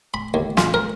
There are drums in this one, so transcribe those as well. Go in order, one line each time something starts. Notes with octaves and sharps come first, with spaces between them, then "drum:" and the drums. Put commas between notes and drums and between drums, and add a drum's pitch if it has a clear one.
B5
D#2
F4, drum: snare
A#4